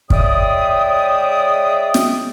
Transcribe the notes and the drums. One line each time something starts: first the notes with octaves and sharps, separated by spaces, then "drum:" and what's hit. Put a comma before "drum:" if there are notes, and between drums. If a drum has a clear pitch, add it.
C#3 G#3 D5 E5 G5 D#6, drum: kick
drum: snare